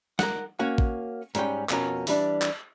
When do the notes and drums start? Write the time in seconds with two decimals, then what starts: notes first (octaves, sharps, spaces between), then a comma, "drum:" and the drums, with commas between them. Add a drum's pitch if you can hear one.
0.19 A#4 F#5, drum: snare
0.59 A#3 C#4 F#4 C#5 F#5
0.78 drum: kick
1.35 G#2 G3 C#4 G5, drum: hi-hat
1.69 F2 B2 C#4 A#4, drum: clap
2.07 E3 G3 D4, drum: open hi-hat
2.42 drum: clap